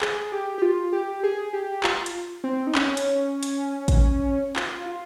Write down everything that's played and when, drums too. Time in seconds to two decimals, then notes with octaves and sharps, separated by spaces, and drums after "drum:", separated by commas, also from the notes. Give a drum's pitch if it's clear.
0.02 G#4, drum: clap
0.32 G4
0.58 G4
0.62 F4
0.93 G4
1.23 G#4
1.53 G4
1.83 F4, drum: clap
2.06 drum: hi-hat
2.44 C4
2.67 D#4
2.75 C#4, drum: clap
2.97 drum: hi-hat
3.43 drum: hi-hat
3.88 drum: kick, hi-hat
4.56 F4, drum: clap
4.86 F4